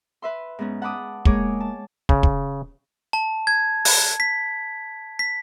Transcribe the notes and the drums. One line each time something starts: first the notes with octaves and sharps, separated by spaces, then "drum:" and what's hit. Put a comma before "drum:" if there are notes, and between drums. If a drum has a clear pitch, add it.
B4 E5 C6
G#2 B3 C#4
F#5 A5 B5 D6 D#6
G#3 A#3 G#4 C#5 D6, drum: kick
A5
C#3, drum: kick
drum: kick
A5
G#6
drum: open hi-hat
B6
B6